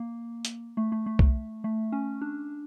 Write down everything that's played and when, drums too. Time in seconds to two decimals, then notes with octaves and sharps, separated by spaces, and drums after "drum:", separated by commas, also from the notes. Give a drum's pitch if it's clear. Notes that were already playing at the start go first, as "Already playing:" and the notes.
Already playing: A#3
0.45 drum: hi-hat
0.77 A3
0.92 A3
1.06 A3
1.19 drum: kick
1.64 A3
1.92 C#4
2.21 D4